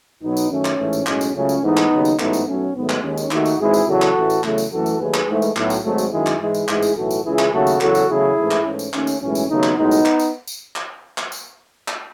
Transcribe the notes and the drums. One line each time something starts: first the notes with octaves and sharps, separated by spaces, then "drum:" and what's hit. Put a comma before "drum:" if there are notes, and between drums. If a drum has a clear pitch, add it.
B1 B2 F#3 B3 D#4
drum: tambourine
F#2 D#3 A3 C#4
drum: clap
A1 G#2 E3 A3
drum: tambourine
B1 A2 G#3 C#4, drum: clap
drum: tambourine
C#2 C#3 F#3 A3 C#4
drum: tambourine
G#2 E3 A3 B3 D#4
drum: clap
D#2 C#3 F#3
drum: tambourine
A1 G#2 F#3 A3 B3 D#4, drum: clap
drum: tambourine
B1 B2 F#3 A3 C#4
G#2 D#3 F#3 A3 B3
drum: clap
D#2 D#3 G#3 C#4
drum: tambourine
D#2 D#3 A3 D#4 F#4, drum: clap
drum: tambourine
G#1 G#2 E3 G#3 E4 G#4
drum: tambourine
E2 C#3 F#3 F#4 A4
drum: clap
A1 A2 E3
drum: tambourine
E2 C#3 F#3 A3, drum: clap
drum: tambourine
F#2 E3 A3 F#4 A4
drum: tambourine
D#2 D#3 F#3 A3 G#4 B4
drum: clap
G#2 E3 A3
drum: tambourine
B1 A2 F#3, drum: clap
drum: tambourine
G#1 G#2 F#3 A3
drum: tambourine
F#2 D#3 G#3 E4 G#4
drum: clap
G#2 E3 G#3 E4 G#4
drum: tambourine
A1 G#2 E3 G#3 E4 G#4, drum: clap
drum: tambourine
B1 A2 E3 F#4 A4
drum: tambourine
C#2 C#3 E3 E4 G#4
drum: clap
D#2 C#3 F#3 A3 F#4 A4
drum: tambourine
E2 C#3 F#3 F#4 A4, drum: clap
drum: tambourine
E2 C#3 F#3 A3 E4 G#4
A1 G#2 E3 A3
drum: clap
G#2 E3 A3 C#4
drum: tambourine
D#2 D#3 A3 C#4, drum: clap
drum: tambourine
B1 A2 E3 G#3 C#4
drum: tambourine
D#2 C#3 F#3 A3 B3 D#4
drum: clap
B1 A2 G#3 B3 D#4
drum: tambourine
drum: clap
drum: tambourine
drum: tambourine
drum: clap
drum: clap
drum: tambourine
drum: clap